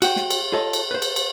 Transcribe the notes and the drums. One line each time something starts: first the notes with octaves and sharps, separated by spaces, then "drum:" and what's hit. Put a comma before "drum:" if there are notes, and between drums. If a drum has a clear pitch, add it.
F#4 F#5 G5, drum: cymbal
drum: snare
drum: cymbal
F4 G#4 A4 C#5 D#5
drum: cymbal
B4 C5
drum: cymbal
drum: cymbal